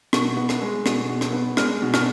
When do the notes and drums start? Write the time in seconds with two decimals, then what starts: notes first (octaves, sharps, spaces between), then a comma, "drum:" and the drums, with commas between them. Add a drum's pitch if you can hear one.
0.13 B2 C#6, drum: rim click
0.37 B3
0.49 drum: rim click
0.62 G#3
0.86 B2, drum: rim click
1.09 B2
1.21 drum: rim click
1.33 B3
1.57 G#3 F6, drum: rim click
1.82 B2
1.94 F6, drum: rim click